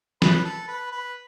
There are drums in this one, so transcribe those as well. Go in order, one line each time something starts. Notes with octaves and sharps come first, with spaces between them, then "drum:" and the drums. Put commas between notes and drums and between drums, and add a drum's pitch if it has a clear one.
B4, drum: snare
A4
B4
B4